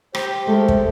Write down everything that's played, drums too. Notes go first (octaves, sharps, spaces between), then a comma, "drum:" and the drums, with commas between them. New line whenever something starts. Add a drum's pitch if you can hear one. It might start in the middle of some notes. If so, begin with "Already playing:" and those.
G4 C5, drum: rim click
G#3 A3 A4 A#4
drum: kick